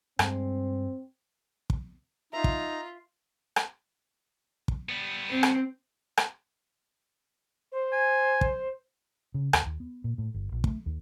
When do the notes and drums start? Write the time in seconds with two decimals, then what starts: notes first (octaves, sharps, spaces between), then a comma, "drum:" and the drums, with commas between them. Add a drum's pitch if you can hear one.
0.19 G2 G3 G#3 C4, drum: rim click
1.70 drum: kick
2.33 D#4 F4 E5 A#5
2.44 drum: kick
3.56 drum: rim click
4.68 drum: kick
4.89 G3 B3
5.31 C4
5.43 drum: rim click
6.17 drum: rim click
7.72 C5
7.93 G#5
8.41 drum: kick
9.34 C#3
9.53 D#2, drum: rim click
9.66 D#2
9.80 B3
10.04 A#2
10.18 A2
10.34 G1
10.52 A#1
10.64 A3, drum: kick
10.86 D#2